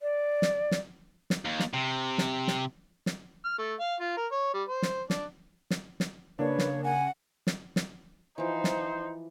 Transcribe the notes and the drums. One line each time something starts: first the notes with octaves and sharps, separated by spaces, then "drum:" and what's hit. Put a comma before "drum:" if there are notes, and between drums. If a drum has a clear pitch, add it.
D5
drum: snare
drum: snare
drum: snare
D#2
drum: snare
C3
drum: snare
drum: snare
drum: snare
F6
A3
F5
F4
A#4
C#5
G3
C5
drum: snare
D4, drum: snare
drum: snare
drum: snare
C#3 A#3 D4 B4 C#5
drum: snare
F#5 G#5
drum: snare
drum: snare
E3 F3 D#4 C5
drum: snare